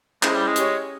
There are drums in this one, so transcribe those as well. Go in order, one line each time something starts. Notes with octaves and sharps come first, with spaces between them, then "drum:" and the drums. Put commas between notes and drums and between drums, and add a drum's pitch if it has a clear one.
G#3 C#4 E4 G#4 C5, drum: clap
G3
G#3
C#4 G4 C#5, drum: hi-hat